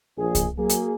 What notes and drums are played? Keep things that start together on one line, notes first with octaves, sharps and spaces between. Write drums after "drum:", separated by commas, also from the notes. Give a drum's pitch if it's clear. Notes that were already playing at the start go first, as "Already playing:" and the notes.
A#1 G#4
drum: kick C2, hi-hat
F#3 A#3 G#4
drum: hi-hat